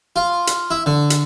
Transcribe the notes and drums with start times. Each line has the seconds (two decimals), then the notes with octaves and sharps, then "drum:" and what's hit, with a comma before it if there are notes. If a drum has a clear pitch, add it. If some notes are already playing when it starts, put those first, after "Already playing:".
0.16 F4
0.47 drum: hi-hat
0.71 E4
0.86 D3
1.10 drum: hi-hat